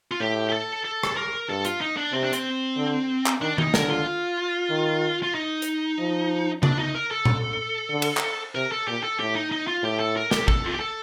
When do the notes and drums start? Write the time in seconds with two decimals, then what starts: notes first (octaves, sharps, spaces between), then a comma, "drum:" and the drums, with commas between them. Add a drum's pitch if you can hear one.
0.11 F4
0.20 A2 G4
0.49 G4
0.53 A4
0.85 A4
1.03 drum: rim click
1.17 A#4
1.49 G2 A4
1.65 F4, drum: hi-hat
1.81 D#4
1.97 D4
2.13 C3 C4
2.23 D4
2.33 C4, drum: hi-hat
2.77 D3
3.26 drum: clap
3.41 D#3 D4
3.58 D#4, drum: tom D#3
3.74 D3 A#4, drum: snare
3.90 F4
4.70 D#3
5.23 F4
5.35 D#4
5.62 drum: hi-hat
5.99 F3
6.63 D4, drum: tom C#3
6.79 D#4
6.95 A#4
7.11 A4
7.25 drum: tom A#2
7.91 D3
8.02 drum: cymbal
8.17 drum: clap
8.55 C3 A#4
8.72 A4
8.87 A#2 G4
9.03 A4
9.20 A2 G4
9.35 D#4
9.52 D#4
9.67 F4
9.83 A2 G4
10.00 A4
10.16 A#4
10.31 G4, drum: snare
10.48 A4, drum: kick
10.66 F4
10.73 G4
10.80 A4